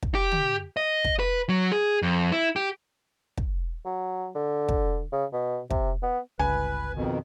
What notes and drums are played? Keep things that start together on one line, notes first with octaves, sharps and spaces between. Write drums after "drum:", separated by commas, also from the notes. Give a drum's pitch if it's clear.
drum: kick
G4
drum: tom
D#5
drum: kick
B4
F#3
G#4
F2
E4
G4
drum: kick
F#3
D3
drum: kick
C#3
B2
C3, drum: kick
B3
G1 C#2 B4 G#5
F2 B2 D#3